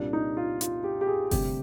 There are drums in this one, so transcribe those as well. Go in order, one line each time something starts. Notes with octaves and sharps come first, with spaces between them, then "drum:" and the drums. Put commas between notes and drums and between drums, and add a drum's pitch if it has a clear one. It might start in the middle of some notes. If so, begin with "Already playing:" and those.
Already playing: C2 A#2 G3 D4
D#4
F4
F4, drum: hi-hat
G4
G4
G#4
D2 C3 G3 G4, drum: kick F#1, open hi-hat